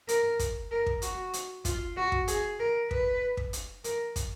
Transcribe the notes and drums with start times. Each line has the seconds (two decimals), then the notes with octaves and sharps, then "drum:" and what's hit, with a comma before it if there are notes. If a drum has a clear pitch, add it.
0.09 A#4, drum: hi-hat
0.39 drum: kick, hi-hat
0.71 A#4
0.86 drum: kick
1.02 F#4, drum: hi-hat
1.33 drum: hi-hat
1.65 F4, drum: kick, hi-hat
1.97 F#4
2.12 drum: kick
2.28 G#4, drum: hi-hat
2.60 A#4
2.91 B4, drum: kick
3.37 drum: kick
3.53 drum: hi-hat
3.84 A#4, drum: hi-hat
4.16 drum: kick, hi-hat